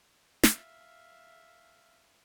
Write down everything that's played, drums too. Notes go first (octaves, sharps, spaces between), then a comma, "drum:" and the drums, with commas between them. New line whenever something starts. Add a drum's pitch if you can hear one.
E5 F5, drum: snare